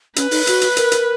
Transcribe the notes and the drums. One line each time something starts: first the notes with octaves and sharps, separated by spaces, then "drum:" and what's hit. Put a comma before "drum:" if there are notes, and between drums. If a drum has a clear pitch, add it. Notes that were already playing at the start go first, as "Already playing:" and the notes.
C#4 B4, drum: hi-hat
D#4, drum: open hi-hat
F#4, drum: hi-hat
drum: hi-hat
A#4, drum: hi-hat
drum: hi-hat